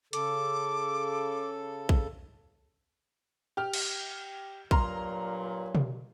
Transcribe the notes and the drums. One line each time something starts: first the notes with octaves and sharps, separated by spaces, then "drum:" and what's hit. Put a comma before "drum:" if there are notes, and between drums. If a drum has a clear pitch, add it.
C#3 A4 D6, drum: hi-hat
drum: kick
G4 F6
drum: cymbal
G2 A#2 F#3 A#5 C6 F6, drum: kick
drum: tom B2